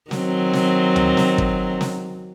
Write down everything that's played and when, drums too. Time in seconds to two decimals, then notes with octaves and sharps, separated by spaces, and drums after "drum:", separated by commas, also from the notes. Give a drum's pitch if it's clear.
0.11 D#3 F#3 C4, drum: snare
0.53 drum: snare
0.96 drum: tom D2
1.17 drum: snare
1.38 drum: kick
1.81 drum: snare